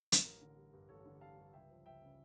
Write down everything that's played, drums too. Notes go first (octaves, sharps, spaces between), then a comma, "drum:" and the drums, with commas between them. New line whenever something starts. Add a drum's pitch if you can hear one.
drum: hi-hat
A1 A#4
D3
G3
G2
A1 A4 C#5
D3
G3 F5 A5
G2
C#2 E5 G5
F3
C#2 E5 G5
C#3